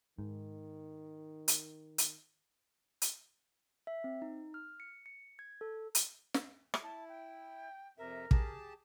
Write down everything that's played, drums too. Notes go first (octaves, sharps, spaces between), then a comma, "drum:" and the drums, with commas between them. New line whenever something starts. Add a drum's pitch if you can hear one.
G#2 D#3
drum: hi-hat
drum: hi-hat
drum: hi-hat
E5
C4
D#4
F6
C#7
C#7
G#6
A4
drum: hi-hat
drum: snare
drum: rim click
E4 A5
G5
F2 C3 A#4 E5
G4 G#4 A5, drum: kick